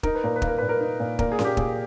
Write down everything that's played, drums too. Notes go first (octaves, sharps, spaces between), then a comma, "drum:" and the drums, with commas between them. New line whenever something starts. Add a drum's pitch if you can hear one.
D#4 A#4, drum: kick
B4
A#2 A#4
B4
A#3, drum: kick
A#4
A#2 B4
A#4
D#4
A#2
A#2 A#4, drum: kick
G#4
A#2, drum: snare C#4
G4
A#2 G#4, drum: kick